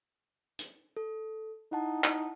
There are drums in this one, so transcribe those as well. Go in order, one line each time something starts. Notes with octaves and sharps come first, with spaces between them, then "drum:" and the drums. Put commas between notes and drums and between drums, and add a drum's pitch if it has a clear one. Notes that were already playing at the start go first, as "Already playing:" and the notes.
drum: hi-hat
A4
D#4 E4 F#5 A5
D#4, drum: clap